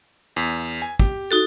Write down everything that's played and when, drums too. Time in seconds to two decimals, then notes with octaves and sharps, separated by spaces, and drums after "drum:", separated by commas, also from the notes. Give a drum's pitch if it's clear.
0.36 E2
0.82 G#5
0.99 G4, drum: kick
1.31 D#4 F#4 A4